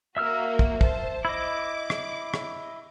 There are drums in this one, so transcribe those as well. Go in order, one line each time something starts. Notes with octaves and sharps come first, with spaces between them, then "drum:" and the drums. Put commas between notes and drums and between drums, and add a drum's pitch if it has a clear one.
A#3 F#4 E5 E6 F6
drum: kick
C5 A5, drum: kick
E4 D#5 D6
drum: rim click
drum: rim click